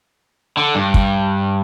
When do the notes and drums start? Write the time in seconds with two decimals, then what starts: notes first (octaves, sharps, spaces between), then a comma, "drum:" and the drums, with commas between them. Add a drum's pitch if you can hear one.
0.57 D3
0.75 G2
0.94 drum: kick